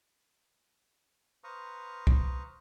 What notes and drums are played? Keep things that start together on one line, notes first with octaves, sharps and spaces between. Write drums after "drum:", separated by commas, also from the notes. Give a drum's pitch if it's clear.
B4 C5 F5 A#5 C#6 D#6
drum: kick C2